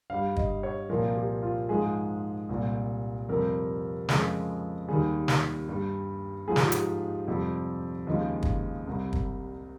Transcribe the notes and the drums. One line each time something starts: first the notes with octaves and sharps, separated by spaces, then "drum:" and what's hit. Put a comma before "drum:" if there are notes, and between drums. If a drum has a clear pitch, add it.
G2 G3 F5
D#5, drum: kick
C#5
C2 A#2 F3 A#4
G4
F4
G#2 F3 G#3 G#4
C2 A#2 G3
F2 C3 G3 A#4
F2 C#3 F3 G#3, drum: snare
D#2 D#3 G3 G#4
drum: snare
G2 G3
G#2 F3 G#3 G#4
G4, drum: snare
F4
G4, drum: hi-hat
F2 C3 G3
D#2 C#3 F3 G#3 D#5
drum: kick
C2 C3 G3
drum: kick